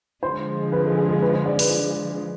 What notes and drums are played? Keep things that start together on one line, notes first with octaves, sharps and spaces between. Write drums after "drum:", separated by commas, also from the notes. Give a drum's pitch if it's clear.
D3 F3 G#3 C5
B4
A4
G#4
G#4
B4
C5
D5
B4, drum: open hi-hat